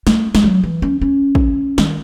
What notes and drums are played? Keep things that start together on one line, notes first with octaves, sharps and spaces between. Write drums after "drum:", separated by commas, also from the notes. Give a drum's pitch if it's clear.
A3, drum: snare
G#3, drum: snare
F#3
E3
C#4
C#4
drum: kick
D#3, drum: snare